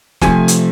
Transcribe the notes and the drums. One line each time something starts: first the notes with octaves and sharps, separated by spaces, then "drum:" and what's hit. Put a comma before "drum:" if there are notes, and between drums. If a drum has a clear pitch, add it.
C3 F3 A3 G#5, drum: snare
drum: hi-hat